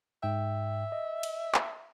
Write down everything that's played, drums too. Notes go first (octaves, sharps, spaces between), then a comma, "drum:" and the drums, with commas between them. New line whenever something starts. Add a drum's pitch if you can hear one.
G#2 E5 G5
D#5
drum: cymbal
drum: clap